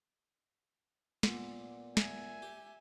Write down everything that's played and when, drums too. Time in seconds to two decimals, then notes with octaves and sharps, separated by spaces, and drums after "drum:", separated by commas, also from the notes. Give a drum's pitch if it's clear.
1.23 A#2 B3 D6, drum: snare
1.97 E5 G#5, drum: snare
2.42 G4